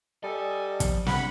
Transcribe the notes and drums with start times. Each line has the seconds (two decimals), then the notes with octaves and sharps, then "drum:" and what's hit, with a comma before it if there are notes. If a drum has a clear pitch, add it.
0.24 G3 A4 D#5 G#5
0.80 F3, drum: kick, hi-hat
1.06 G2 D4 F4 F#5 B5, drum: snare